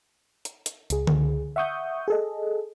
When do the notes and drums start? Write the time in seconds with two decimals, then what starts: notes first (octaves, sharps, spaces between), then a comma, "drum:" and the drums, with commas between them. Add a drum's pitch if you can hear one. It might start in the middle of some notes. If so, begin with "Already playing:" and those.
0.45 drum: hi-hat
0.66 drum: hi-hat
0.90 C#2 G#4, drum: hi-hat
1.07 drum: tom D3
1.56 E5 F#5 C#6 D#6 G6
2.08 G#4 A4 D#5